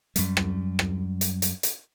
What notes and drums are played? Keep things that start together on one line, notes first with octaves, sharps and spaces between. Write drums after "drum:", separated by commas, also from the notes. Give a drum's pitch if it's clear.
F#2 G3, drum: hi-hat
drum: rim click
drum: rim click
drum: hi-hat
drum: hi-hat
drum: hi-hat